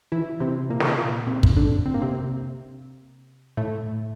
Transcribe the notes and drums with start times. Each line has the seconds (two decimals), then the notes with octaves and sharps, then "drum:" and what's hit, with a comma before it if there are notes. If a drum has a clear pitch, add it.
0.12 E3 E4
0.40 C3 C4
0.70 A#2 A#3
0.80 drum: snare
0.98 A#2 A#3
1.27 C3 C4
1.43 drum: kick
1.56 D3 D4
1.86 C4
1.94 A#3
2.02 C3 C4
3.57 A2 A3